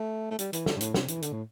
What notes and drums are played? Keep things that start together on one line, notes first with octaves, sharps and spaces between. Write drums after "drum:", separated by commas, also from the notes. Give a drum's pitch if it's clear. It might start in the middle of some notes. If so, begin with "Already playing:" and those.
Already playing: A3
A3
G3, drum: hi-hat
E3, drum: hi-hat
D3, drum: snare
G2
A2, drum: hi-hat
C3, drum: snare
E3, drum: hi-hat
D3, drum: hi-hat
A2